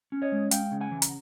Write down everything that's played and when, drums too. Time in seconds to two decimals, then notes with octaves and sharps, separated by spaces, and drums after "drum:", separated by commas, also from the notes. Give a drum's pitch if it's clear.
0.12 C#4
0.22 C#5 D#5
0.32 G#3
0.51 G#3 F5 G5, drum: hi-hat
0.72 C#3
0.81 F#5 G#5
0.91 E3
1.02 A#5, drum: hi-hat